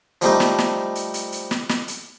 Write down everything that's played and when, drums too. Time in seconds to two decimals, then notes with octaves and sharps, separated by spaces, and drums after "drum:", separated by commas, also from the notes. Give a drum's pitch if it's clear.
0.21 F3 G3 A3 D#4, drum: hi-hat
0.40 drum: snare
0.58 drum: snare
0.95 drum: hi-hat
1.14 drum: hi-hat
1.32 drum: hi-hat
1.51 drum: snare
1.69 drum: snare
1.88 drum: hi-hat